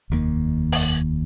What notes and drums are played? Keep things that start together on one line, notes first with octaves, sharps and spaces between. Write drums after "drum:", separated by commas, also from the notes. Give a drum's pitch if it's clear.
F1 D#2 D#3 A#3
drum: open hi-hat